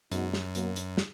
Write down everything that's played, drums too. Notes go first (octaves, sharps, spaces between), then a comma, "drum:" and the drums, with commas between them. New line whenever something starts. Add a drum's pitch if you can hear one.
F#2 B2 G#3 B3 D#4 F#4, drum: hi-hat
drum: snare
B2 F#3 A#3, drum: hi-hat
drum: hi-hat
drum: snare